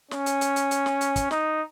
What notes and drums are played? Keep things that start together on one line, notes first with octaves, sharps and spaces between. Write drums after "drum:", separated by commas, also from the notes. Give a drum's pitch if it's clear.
C#4, drum: snare
drum: hi-hat
drum: hi-hat
drum: hi-hat
drum: hi-hat
drum: snare
drum: hi-hat
drum: kick, hi-hat
D#4, drum: snare